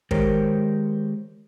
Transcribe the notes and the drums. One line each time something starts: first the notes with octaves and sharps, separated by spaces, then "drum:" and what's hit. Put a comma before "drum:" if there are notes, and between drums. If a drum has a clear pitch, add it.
D#3 G#3 G4 A#4 C5 C#5, drum: kick